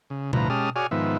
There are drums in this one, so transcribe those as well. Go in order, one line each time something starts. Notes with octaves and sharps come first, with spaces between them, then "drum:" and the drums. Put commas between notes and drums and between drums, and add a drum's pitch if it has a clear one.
C#3
D2 A2 F3 B4 A#5, drum: tom B2
G#3 C#4 G4 A5 D#6 F6
F#4 G#4 C#5 D5 G#5 F6
G#2 D#3 F3 B3 E5